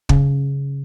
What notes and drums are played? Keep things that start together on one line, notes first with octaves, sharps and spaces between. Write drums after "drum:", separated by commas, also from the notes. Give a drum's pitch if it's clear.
C#3, drum: kick